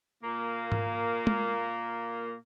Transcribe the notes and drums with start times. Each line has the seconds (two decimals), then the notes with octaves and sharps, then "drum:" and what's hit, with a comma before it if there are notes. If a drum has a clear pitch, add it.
0.24 A#2 A#3
0.72 drum: tom G#2
1.27 drum: tom G#3